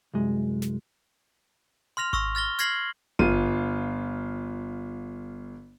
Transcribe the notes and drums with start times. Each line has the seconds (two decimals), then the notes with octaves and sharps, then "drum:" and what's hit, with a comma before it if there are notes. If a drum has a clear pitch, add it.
0.14 C2 F#2 G#3
0.62 drum: snare
1.97 C6 F6 A#6 F7
2.13 C#6 E6 A#6, drum: kick G#1
2.35 F6 A6 A#6 G7
2.59 F6 G#6 A#6 C7 F#7, drum: hi-hat
3.19 G1 F4 D#7, drum: kick G#1